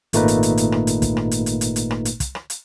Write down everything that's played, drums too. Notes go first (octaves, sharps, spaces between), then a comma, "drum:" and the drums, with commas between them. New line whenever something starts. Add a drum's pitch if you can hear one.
G#1 A#2 A3 A#3 D#4 B4, drum: hi-hat
drum: hi-hat
drum: hi-hat
drum: hi-hat
drum: rim click
drum: hi-hat
drum: kick, hi-hat
drum: rim click
drum: hi-hat
drum: hi-hat
drum: hi-hat
drum: hi-hat
drum: rim click
drum: hi-hat
drum: kick, hi-hat
drum: rim click
drum: hi-hat